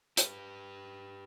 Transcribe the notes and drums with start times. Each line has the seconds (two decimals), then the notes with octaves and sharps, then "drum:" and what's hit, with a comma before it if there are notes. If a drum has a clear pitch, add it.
0.17 G4 B4, drum: hi-hat